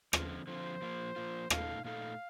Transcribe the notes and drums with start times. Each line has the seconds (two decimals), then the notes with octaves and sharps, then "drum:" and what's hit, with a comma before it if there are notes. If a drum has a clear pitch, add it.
0.13 D3 F3 C4 F4, drum: rim click
0.47 D3 F3 C4 F4 C5
0.82 F3 A#3 F4
1.16 F3 A#3 F4
1.50 A#2 A3 D#4 A4 F5, drum: rim click
1.85 A#2 A3 D#4 A4 F5